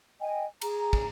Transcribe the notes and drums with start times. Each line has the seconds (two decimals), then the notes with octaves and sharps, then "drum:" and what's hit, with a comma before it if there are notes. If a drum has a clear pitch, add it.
0.20 D#5 G5 G#5
0.62 G#4 A#5, drum: cymbal
0.93 drum: kick